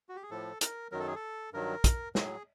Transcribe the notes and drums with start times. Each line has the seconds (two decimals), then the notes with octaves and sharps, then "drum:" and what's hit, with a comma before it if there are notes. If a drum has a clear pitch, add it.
0.09 F#4
0.16 G4
0.23 G#4
0.30 A2 F3 A4
0.61 A#4, drum: hi-hat
0.92 F#2 D#3 F#3 A#4
0.99 A4
1.07 G#4
1.15 A4
1.53 G2 D#3 F#3 A#4
1.84 drum: kick, hi-hat
2.15 A2 F#3 G#4, drum: snare